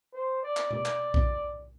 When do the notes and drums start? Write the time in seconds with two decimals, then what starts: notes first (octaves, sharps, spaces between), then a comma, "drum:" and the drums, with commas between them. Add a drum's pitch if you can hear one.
0.13 C5
0.43 D5
0.57 drum: clap
0.71 D5, drum: tom B2
0.85 drum: clap
1.14 drum: kick A#1